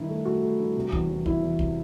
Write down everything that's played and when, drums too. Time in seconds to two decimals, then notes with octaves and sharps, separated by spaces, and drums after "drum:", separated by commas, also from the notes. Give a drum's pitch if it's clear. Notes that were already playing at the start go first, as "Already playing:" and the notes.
Already playing: G2 D#3 E4
0.09 A3
0.25 A3 F#4
0.42 A3
0.59 G2
0.76 C3
0.92 E2, drum: kick
1.10 E2
1.26 E2 E4, drum: kick
1.43 E2
1.59 C3, drum: kick